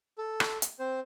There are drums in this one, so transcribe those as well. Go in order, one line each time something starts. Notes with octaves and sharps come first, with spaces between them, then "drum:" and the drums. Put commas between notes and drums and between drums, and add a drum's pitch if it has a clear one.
A4
drum: rim click
drum: hi-hat
C4 C5